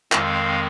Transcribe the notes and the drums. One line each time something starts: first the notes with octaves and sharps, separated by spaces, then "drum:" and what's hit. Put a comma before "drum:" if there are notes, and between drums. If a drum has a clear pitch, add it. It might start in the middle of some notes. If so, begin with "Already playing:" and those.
F2 D#3 G#3 C4 F5, drum: clap